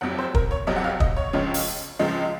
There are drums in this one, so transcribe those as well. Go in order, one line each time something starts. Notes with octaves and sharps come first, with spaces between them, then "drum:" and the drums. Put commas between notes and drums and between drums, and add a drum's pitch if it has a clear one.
F1 F2 C3 F#3 F#5
C5
A#4, drum: kick
C#5
F1 F2 C3 F#3 D#5
F#5
F5
D#5, drum: kick
C#5
C#2 C#3 F3 G#3
drum: open hi-hat
C#2 C#3 F3 G#3